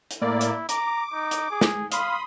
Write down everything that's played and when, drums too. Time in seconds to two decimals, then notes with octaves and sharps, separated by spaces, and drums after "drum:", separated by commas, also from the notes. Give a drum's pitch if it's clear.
0.11 drum: hi-hat
0.21 A2 A#3 E4 D5
0.41 drum: hi-hat
0.69 A#5 D6, drum: hi-hat
1.13 D#4
1.31 drum: hi-hat
1.51 G#4
1.61 drum: snare
1.92 F5 B5 C6 D#6, drum: hi-hat